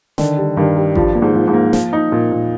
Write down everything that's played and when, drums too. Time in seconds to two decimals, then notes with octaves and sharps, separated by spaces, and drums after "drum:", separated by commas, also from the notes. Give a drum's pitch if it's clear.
0.18 D3 D#3, drum: snare
0.37 G3
0.57 G2 D#3
0.77 G3
0.95 G2 F3, drum: kick G#1
1.15 A#3
1.22 G#2
1.34 F3
1.48 G#2
1.53 A#3
1.73 F3, drum: snare
1.93 D#4
2.12 A#2
2.31 A#2